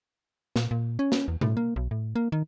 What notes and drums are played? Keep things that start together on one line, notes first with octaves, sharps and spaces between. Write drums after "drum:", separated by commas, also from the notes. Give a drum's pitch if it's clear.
A#2, drum: snare
A#2
C#4
drum: snare
E2
A2, drum: tom B2
A#3
B1
A2
A#3
D#3